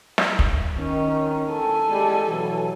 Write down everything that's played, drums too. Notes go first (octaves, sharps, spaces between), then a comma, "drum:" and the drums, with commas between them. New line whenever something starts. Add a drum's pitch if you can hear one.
drum: snare
drum: kick
D#3 C#4
A4 G#5
G3 G#3
B2 E3 F#3